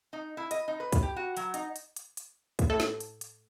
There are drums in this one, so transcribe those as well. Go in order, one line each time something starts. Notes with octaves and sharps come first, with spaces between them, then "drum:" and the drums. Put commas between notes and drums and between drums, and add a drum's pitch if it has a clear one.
D#4
E4
D#5, drum: hi-hat
D#4
B4
drum: kick, hi-hat
G4
F#4
F#3, drum: hi-hat
D#4, drum: hi-hat
drum: hi-hat
drum: hi-hat
drum: hi-hat
drum: kick, hi-hat
A2 A4
drum: snare
drum: hi-hat
drum: hi-hat